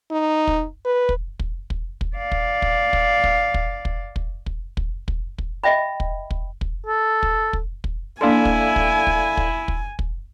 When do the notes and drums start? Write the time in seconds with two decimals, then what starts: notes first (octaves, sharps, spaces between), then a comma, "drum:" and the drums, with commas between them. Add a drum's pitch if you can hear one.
0.11 D#4
0.47 drum: kick
0.85 B4
1.09 drum: kick
1.39 drum: kick
1.70 drum: kick
2.01 drum: kick
2.16 D5 F5
2.32 drum: kick
2.62 drum: kick
2.93 drum: kick
3.24 drum: kick
3.54 drum: kick
3.85 drum: kick
4.16 drum: kick
4.46 drum: kick
4.77 drum: kick
5.08 drum: kick
5.38 drum: kick
5.64 D#5 E5 G5 B5
6.00 drum: kick
6.31 drum: kick
6.61 drum: kick
6.87 A4
7.23 drum: kick
7.53 drum: kick
7.84 drum: kick
8.21 A#3 D4 E4 A4 D5 F5 G#5 C6
8.45 drum: kick
8.76 drum: kick
9.07 drum: kick
9.37 drum: kick
9.68 drum: kick
9.99 drum: kick